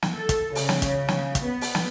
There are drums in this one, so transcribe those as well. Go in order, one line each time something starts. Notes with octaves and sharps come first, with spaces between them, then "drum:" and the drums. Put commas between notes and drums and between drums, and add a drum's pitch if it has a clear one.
drum: snare
A4
drum: kick, hi-hat
C#3, drum: open hi-hat
drum: snare
drum: kick, hi-hat
drum: snare
drum: kick, hi-hat
B3
drum: open hi-hat
drum: snare